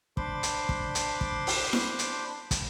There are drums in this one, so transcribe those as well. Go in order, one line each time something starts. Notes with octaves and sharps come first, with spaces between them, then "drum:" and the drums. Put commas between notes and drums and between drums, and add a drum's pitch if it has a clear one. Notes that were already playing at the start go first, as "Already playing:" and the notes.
D4 C5 B5 C6 D6, drum: kick
drum: hi-hat
drum: kick
drum: hi-hat
drum: kick
drum: open hi-hat
drum: snare E4
drum: hi-hat
drum: kick, hi-hat